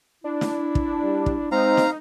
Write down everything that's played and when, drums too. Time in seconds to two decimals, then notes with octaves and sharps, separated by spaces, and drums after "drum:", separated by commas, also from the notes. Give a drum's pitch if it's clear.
0.24 D4 E4
0.41 drum: snare
0.75 drum: kick
1.03 G3
1.26 drum: kick
1.52 G#3 C4 D#4 F5 A#5
1.77 drum: snare